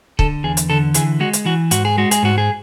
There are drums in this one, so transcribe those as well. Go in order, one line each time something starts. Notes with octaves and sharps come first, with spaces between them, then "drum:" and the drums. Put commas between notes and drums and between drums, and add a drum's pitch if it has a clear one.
D3 A4, drum: kick
E2 G#4
drum: hi-hat
D3 A4
E3 G#4, drum: hi-hat
G#3 F#4
drum: hi-hat
E3 F#4
G#2 F#4, drum: hi-hat
G#4
G#3 F#4
G#4, drum: hi-hat
G#2 F#4
G#4